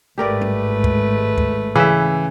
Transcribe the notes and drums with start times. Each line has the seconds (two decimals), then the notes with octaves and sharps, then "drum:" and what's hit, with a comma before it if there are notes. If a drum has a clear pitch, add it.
0.18 G#1 A2 G#3 A3 G4 A#4 B4 D5
0.41 drum: tom G3
0.84 drum: kick D2
1.38 drum: kick D2
1.76 C#3 E3 E5